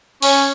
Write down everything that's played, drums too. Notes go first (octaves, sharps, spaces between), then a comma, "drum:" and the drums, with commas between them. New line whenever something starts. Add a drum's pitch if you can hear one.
C#4, drum: open hi-hat